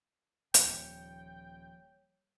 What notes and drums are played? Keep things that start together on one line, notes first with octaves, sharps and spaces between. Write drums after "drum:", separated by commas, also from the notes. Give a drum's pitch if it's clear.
D#1 F3 A#3 C#5 G5, drum: hi-hat